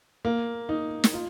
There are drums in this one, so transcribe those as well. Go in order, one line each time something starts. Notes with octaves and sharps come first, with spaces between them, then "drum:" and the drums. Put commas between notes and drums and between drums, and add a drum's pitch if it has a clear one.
A#3
D#4
drum: snare
F4